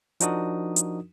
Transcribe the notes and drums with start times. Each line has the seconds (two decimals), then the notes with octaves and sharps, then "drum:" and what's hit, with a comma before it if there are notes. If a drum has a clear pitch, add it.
0.20 F3 D4 D#4 F#4 A#4 D#6, drum: hi-hat
0.76 drum: hi-hat